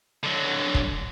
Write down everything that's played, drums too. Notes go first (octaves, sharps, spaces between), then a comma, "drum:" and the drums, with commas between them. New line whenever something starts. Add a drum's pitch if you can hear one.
D3 F#3
drum: kick